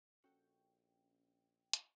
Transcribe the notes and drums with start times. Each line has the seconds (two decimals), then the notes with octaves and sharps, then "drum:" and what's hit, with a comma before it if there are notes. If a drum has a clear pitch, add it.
0.24 A#1 C#4 F#4 A4 F#5 G5
1.73 drum: hi-hat